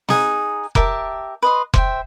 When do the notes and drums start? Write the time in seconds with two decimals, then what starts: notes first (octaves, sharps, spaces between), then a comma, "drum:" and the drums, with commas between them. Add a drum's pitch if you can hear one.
0.09 D#4 G#4 F#5, drum: snare
0.75 G4 A#4 E5 A5, drum: kick F1
1.42 B4 D#5 C6
1.74 C5 E5 G5, drum: kick F1